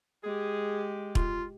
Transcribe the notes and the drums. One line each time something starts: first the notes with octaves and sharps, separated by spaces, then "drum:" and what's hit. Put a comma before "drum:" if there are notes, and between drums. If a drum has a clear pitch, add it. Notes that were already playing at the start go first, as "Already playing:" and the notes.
G#3 G4 G#4
F4, drum: kick